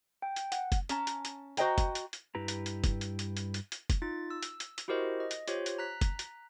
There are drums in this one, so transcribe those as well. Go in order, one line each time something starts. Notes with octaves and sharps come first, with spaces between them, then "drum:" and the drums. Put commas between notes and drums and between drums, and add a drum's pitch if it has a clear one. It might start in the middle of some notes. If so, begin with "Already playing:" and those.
G5
drum: hi-hat
F#5, drum: hi-hat
drum: kick F#1, hi-hat
C#4 A5 A#5, drum: hi-hat
drum: hi-hat
drum: hi-hat
F#4 C5 D#5 G5 A#5, drum: hi-hat
drum: kick F#1, hi-hat
drum: hi-hat
drum: hi-hat
G2 E4 G4 B4 A#5
drum: hi-hat
drum: hi-hat
drum: kick F#1, hi-hat
drum: hi-hat
drum: hi-hat
drum: hi-hat
drum: hi-hat
drum: hi-hat
drum: kick F#1, hi-hat
D#4 F4 A6
E6
drum: hi-hat
drum: hi-hat
drum: hi-hat
E4 F#4 G4 A#4 C5 D#5
D#5
drum: hi-hat
F4 G4 C5 C#5, drum: hi-hat
drum: hi-hat
A#5 F#6 B6
drum: kick F#1, hi-hat
drum: hi-hat